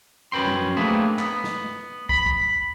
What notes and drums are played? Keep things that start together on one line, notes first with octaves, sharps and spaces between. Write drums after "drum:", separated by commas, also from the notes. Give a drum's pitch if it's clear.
F#2 C#4 B4 G5 C6
drum: tom F3
A3 A#3 C4 D4 G#4 B4
B3, drum: clap
drum: snare
B5, drum: kick
drum: kick